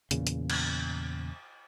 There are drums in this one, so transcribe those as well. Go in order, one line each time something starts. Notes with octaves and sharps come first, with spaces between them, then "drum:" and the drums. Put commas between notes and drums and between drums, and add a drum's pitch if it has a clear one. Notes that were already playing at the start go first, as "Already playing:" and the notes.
E2 A#2 C#3, drum: hi-hat
drum: hi-hat
drum: cymbal